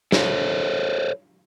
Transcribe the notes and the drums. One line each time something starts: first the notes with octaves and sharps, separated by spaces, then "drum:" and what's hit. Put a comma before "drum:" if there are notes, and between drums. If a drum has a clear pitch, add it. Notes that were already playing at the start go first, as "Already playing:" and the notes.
A4 C5 C#5, drum: snare